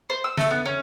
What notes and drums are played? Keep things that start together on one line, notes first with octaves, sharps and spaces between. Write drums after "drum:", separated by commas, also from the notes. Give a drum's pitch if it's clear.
C5
E6
A3, drum: snare
B3
C#4